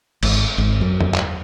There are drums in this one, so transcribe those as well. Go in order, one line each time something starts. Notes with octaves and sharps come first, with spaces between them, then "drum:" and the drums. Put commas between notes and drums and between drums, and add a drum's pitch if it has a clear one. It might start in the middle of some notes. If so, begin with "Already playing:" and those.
G#1, drum: cymbal
G#1
F#2
drum: tom E2
drum: clap